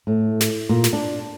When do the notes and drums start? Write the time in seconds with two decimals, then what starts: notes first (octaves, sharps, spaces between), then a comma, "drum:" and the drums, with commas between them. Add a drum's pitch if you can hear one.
0.07 A2
0.41 drum: snare
0.69 A#2
0.84 drum: snare
0.93 D4